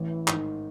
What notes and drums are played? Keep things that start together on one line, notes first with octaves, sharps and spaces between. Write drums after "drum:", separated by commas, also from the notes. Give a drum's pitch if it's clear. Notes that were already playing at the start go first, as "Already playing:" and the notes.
Already playing: A1 E3
G#2 D#3, drum: clap